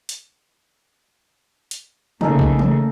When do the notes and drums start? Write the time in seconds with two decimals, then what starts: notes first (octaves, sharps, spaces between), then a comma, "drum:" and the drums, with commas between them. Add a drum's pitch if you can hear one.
0.09 drum: hi-hat
1.71 drum: hi-hat
2.21 C#3 A3 A#3 D#4 A4 A#4, drum: tom
2.39 drum: kick A#1
2.59 drum: tom